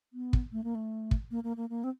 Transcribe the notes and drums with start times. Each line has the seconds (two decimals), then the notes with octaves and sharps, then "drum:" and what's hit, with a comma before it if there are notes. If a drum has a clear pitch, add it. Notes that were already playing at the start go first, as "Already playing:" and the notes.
0.13 B3
0.33 drum: kick
0.52 A3
0.64 A#3
0.75 A3
1.11 drum: kick
1.31 A#3
1.44 A#3
1.57 A#3
1.70 A#3
1.84 C4